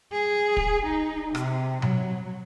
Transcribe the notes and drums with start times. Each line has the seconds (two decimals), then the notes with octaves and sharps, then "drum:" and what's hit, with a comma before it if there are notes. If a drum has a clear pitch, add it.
0.12 G#4
0.57 drum: kick
0.86 D#4
1.35 C3, drum: rim click
1.82 F#3, drum: tom B2